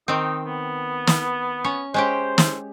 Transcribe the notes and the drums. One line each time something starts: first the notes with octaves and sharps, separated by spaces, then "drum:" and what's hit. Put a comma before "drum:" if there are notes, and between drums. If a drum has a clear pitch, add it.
D#3 C4 D#4
B3
drum: snare
C#4 C#5
G#3 C#4 G4 C5
drum: snare